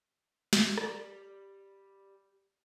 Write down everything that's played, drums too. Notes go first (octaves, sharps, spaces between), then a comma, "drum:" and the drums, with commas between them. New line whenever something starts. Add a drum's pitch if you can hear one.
drum: snare
G3 D5, drum: rim click